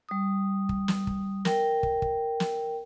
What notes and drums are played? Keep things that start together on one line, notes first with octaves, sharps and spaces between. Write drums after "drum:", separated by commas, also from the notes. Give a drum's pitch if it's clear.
G3 D#6
drum: kick
drum: snare
drum: kick
A#4 G5, drum: snare
drum: kick
drum: kick
drum: snare